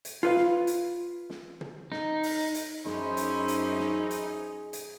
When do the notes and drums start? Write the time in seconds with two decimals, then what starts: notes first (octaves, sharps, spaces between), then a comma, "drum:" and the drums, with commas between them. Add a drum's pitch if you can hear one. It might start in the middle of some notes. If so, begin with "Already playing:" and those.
0.05 drum: hi-hat
0.23 F4 B4 F5
0.36 drum: snare
0.67 drum: hi-hat
1.30 drum: snare
1.61 drum: tom
1.92 D#4, drum: snare
2.23 drum: open hi-hat
2.54 drum: hi-hat
2.86 F#2 C#4 D#4 E4 G#4 C5, drum: snare
3.17 drum: hi-hat
3.48 drum: hi-hat
3.79 drum: snare
4.11 drum: hi-hat
4.73 drum: hi-hat